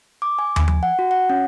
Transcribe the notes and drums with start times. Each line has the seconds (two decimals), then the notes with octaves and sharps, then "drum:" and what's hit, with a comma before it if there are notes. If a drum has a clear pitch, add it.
0.22 D6
0.39 G#5
0.56 G#5, drum: tom
0.68 drum: tom
0.83 F#5
0.99 F#4
1.11 F#5
1.30 C#4